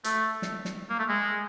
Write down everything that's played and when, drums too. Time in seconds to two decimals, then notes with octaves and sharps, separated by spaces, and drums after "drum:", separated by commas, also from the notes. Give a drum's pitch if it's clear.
0.04 A3, drum: hi-hat
0.42 drum: snare
0.65 drum: snare
0.90 A#3
0.99 A3
1.08 G#3